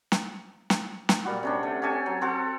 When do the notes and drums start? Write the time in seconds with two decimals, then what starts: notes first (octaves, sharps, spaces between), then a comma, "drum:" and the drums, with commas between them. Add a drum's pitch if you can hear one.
0.12 drum: snare
0.70 drum: snare
1.09 drum: snare
1.25 A#2 G3 F#4
1.43 C3 C#4 D4
1.63 A3
1.82 C#4 G4 A4 G#5
2.06 F#3
2.21 C4 F#4 A4